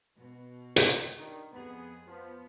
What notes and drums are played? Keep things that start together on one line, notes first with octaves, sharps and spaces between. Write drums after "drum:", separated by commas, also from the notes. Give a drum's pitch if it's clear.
B2
drum: hi-hat
G2 D#3
F2 B3 G#4
F3 B3